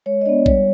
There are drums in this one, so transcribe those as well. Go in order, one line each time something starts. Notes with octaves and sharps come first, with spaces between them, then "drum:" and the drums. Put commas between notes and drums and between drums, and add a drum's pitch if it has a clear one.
G#3 C#5
D#5
B3 D4 D5
G3 C#5, drum: kick